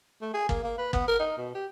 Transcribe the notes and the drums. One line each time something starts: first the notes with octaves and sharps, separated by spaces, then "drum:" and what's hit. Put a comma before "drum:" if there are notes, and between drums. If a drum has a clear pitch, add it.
A3
G#4
A#3, drum: kick
A#3
B4
B3, drum: kick
A#4
D#4
B2
G4